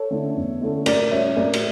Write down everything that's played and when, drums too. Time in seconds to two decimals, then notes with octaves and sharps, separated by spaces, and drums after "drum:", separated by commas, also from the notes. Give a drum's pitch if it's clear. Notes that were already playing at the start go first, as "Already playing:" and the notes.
Already playing: A4 C#5
0.11 D3 A3 C#4 E4
0.36 E2
0.61 D3 A3 C#4 E4
0.86 A2 A#4 D5, drum: cymbal
1.11 G3 C#4 F4 C#5 E5
1.37 A2 A#4 D5
1.53 drum: cymbal